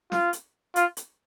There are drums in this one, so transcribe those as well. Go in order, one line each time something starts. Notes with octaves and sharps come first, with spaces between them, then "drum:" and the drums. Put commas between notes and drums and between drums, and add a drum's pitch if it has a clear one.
F4, drum: snare
drum: hi-hat
F4, drum: hi-hat
drum: hi-hat